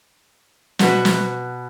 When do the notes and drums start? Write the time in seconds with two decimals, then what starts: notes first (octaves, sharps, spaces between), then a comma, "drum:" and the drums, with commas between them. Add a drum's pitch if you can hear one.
0.79 B2 F#4 B4, drum: snare
1.05 drum: snare